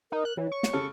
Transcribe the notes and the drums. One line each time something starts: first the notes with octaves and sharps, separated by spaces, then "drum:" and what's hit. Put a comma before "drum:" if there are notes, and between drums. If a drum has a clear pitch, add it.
D#4 A#4
F#6
E3 C#5
C#6
drum: snare
C#3 A4 F6